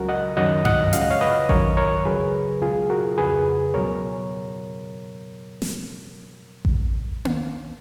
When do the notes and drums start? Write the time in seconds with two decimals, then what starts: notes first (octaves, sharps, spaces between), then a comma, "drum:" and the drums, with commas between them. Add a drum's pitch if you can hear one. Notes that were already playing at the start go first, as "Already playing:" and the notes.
Already playing: C#2 C#3 F#3 F#4 A#4
0.09 D#5 F#5
0.37 F#2 D#3 F#3 D#5 F#5
0.65 D#5 F#5, drum: tom G2
0.93 C#2 C#3 F3 F5, drum: hi-hat
1.01 D#5
1.10 C#5 F5
1.21 B4 D#5
1.49 F#2 D#3 F#3 A#4 C#5, drum: kick A1
1.77 A#4 C#5
2.05 C#2 C#3 F#3 G#4 B4
2.62 C#2 B2 F#3 F4 G#4
2.90 F#4 A#4
3.18 F2 C#3 F3 G#4 B4
3.74 C#2 B2 F#3 A#4 C#5
5.62 drum: snare
6.65 drum: kick A1
7.25 drum: tom A#3